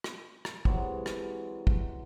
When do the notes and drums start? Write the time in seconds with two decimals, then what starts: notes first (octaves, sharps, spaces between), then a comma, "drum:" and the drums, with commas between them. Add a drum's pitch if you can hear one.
0.04 drum: rim click
0.45 drum: rim click
0.65 C3 E3 F#3 G#3, drum: kick
1.06 drum: rim click
1.67 drum: kick